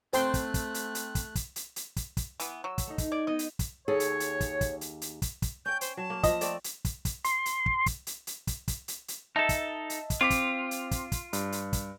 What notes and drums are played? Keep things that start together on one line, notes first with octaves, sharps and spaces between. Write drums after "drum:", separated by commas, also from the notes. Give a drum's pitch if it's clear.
A3 C4 C5 G5 C6 F#6, drum: hi-hat
drum: kick, hi-hat
drum: kick, hi-hat
drum: hi-hat
drum: hi-hat
drum: kick, hi-hat
drum: kick, hi-hat
drum: hi-hat
drum: hi-hat
drum: kick, hi-hat
drum: kick, hi-hat
E3 B3, drum: hi-hat
F#3 E6
drum: kick, hi-hat
A3 D#4
drum: kick, hi-hat
D5 G#6
B3 D#4 D#5
drum: hi-hat
drum: kick, hi-hat
D#2 G#4 A4 C#5
drum: hi-hat
drum: hi-hat
drum: kick, hi-hat
drum: kick, hi-hat
drum: hi-hat
drum: hi-hat
drum: kick, hi-hat
drum: kick, hi-hat
C#4 G5 G6
C5, drum: hi-hat
F#3 A5
A#3
F3 D#5, drum: kick, hi-hat
A3 C4 D5, drum: hi-hat
drum: hi-hat
drum: kick, hi-hat
drum: kick, hi-hat
C6, drum: hi-hat
drum: hi-hat
drum: kick
drum: kick, hi-hat
drum: hi-hat
drum: hi-hat
drum: kick, hi-hat
drum: kick, hi-hat
drum: hi-hat
drum: hi-hat
D#4 A4 D#5 E5 A5
drum: kick, hi-hat
drum: hi-hat
drum: kick, hi-hat
C4 F4 D6 B6
drum: kick, hi-hat
drum: hi-hat
drum: kick, hi-hat
drum: kick, hi-hat
G2, drum: hi-hat
drum: hi-hat
drum: kick, hi-hat